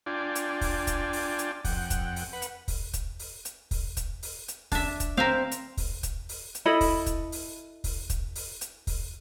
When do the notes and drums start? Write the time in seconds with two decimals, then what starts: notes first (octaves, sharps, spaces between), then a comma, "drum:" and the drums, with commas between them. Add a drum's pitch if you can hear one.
0.06 D4 F4 D5 G5 G#5
0.36 drum: hi-hat
0.61 drum: kick, open hi-hat
0.87 drum: kick, hi-hat
1.13 drum: open hi-hat
1.39 drum: hi-hat
1.65 F2 F#5 G5, drum: kick, open hi-hat
1.90 drum: kick, hi-hat
2.16 drum: open hi-hat
2.33 B4 F#5
2.42 drum: hi-hat
2.68 drum: kick, open hi-hat
2.94 drum: kick, hi-hat
3.19 drum: open hi-hat
3.45 drum: hi-hat
3.71 drum: kick, open hi-hat
3.97 drum: kick, hi-hat
4.23 drum: open hi-hat
4.48 drum: hi-hat
4.72 D4 E5, drum: kick, open hi-hat
5.00 drum: kick, hi-hat
5.17 C4 A#4 E5 F5
5.52 drum: hi-hat
5.77 drum: kick, open hi-hat
6.03 drum: kick, hi-hat
6.29 drum: open hi-hat
6.55 drum: hi-hat
6.65 E4 A4 D#5 B5
6.81 drum: kick, open hi-hat
7.06 drum: kick, hi-hat
7.32 drum: open hi-hat
7.84 drum: kick, open hi-hat
8.10 drum: kick, hi-hat
8.35 drum: open hi-hat
8.61 drum: hi-hat
8.87 drum: kick, open hi-hat